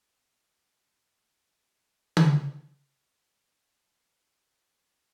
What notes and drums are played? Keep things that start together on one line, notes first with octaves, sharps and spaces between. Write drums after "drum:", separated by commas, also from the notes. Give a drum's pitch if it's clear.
D2
B2
C#3
B2
D3
C#3
F2
A3
drum: tom
E4
F4
F5
F#5
A2
F4
B4
A4
B3
F#2
E3